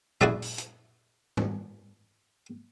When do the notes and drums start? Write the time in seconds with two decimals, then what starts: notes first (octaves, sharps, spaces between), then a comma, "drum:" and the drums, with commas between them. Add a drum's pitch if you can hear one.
0.21 E4 F#4 G#4 D5 E5, drum: tom A#2
0.42 drum: open hi-hat
0.58 drum: hi-hat
1.37 drum: tom